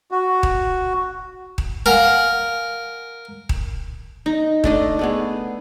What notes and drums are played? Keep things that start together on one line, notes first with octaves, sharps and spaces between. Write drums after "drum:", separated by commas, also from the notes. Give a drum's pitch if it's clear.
F#4
drum: kick D#1
drum: kick D#1
A#4 F5 F#5 G#5
drum: kick D#1
D#4
A3 D4 D#5, drum: kick D#1
A3 B3 G#4